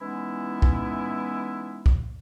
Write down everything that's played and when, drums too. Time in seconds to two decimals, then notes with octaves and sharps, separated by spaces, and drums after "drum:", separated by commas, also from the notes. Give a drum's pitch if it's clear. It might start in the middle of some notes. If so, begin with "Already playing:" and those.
0.01 E3 G#3 B3 C#4 D#4 E4
0.62 drum: kick
1.86 drum: kick